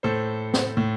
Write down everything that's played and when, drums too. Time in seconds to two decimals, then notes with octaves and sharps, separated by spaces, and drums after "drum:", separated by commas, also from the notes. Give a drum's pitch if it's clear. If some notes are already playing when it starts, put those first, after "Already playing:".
0.03 A2 A4 C5
0.54 drum: snare
0.77 A2